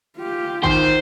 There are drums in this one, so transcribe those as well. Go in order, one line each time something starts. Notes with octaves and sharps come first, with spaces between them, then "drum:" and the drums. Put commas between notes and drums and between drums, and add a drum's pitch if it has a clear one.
F4 G4
D#3 C5, drum: kick A1